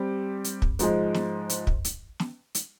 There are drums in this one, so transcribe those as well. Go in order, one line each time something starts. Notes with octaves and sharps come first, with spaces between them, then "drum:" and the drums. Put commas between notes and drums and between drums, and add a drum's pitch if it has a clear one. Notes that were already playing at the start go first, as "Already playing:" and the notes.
Already playing: G3 C4 G4
drum: hi-hat
drum: kick
G#2 F3 G#3, drum: hi-hat
drum: snare
drum: hi-hat
drum: kick
drum: hi-hat
drum: snare
drum: hi-hat